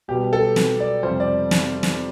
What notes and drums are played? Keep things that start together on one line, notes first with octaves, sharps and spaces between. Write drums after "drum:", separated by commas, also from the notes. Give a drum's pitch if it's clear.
B1 B2 G3 B3 G4
A4
drum: snare
D5
F2 C3 G3 C4 C5
D5
drum: snare
drum: snare